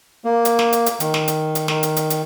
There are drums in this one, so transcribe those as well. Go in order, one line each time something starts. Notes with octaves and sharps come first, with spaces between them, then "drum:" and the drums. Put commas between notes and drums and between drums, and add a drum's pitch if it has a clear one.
A#3
drum: hi-hat
drum: snare
drum: hi-hat
drum: hi-hat
D#3, drum: hi-hat
drum: snare
drum: hi-hat
drum: hi-hat
D#3, drum: snare
drum: hi-hat
drum: hi-hat
drum: hi-hat